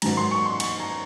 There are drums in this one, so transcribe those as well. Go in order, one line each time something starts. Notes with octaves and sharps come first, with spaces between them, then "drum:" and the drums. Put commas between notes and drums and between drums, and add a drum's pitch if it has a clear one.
G#2 D#3 F#3 A#5, drum: cymbal
C6
C#6
C6
C#6, drum: cymbal
A#5